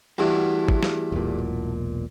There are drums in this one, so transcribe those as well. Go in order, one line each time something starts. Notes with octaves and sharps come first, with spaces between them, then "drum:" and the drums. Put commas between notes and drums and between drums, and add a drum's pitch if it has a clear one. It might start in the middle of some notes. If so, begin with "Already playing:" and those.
E2 G2 A3 E4 F#4
drum: kick
drum: snare
E1 B1 A#2